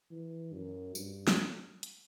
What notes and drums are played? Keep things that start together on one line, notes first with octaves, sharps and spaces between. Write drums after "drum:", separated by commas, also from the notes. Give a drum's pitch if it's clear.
E3
F#2
G2, drum: tambourine
drum: snare
drum: hi-hat